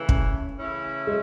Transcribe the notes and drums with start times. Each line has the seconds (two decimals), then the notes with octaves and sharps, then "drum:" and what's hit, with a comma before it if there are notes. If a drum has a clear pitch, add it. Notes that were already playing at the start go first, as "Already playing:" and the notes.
Already playing: C#3 E3 A3
0.09 C#4, drum: kick
0.59 C#3 E3 A3 C#4 E4
1.07 G#3